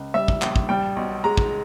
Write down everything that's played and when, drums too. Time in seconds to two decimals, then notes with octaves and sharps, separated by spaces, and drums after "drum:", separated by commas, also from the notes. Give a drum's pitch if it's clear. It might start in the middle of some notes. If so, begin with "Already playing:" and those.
Already playing: C#2
0.14 G3 E5
0.28 drum: kick
0.42 A#1, drum: clap
0.56 drum: kick
0.69 G3 G5
0.96 B1
1.24 G#3 A#5
1.37 drum: kick